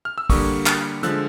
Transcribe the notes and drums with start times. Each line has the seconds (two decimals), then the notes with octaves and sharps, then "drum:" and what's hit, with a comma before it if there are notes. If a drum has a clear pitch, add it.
0.05 F6
0.18 E6
0.30 D3 G3 A#3 C#6 D#6, drum: kick, open hi-hat
0.66 D#6 F6, drum: clap
1.03 D3 F3 G#3 E6 F#6, drum: hi-hat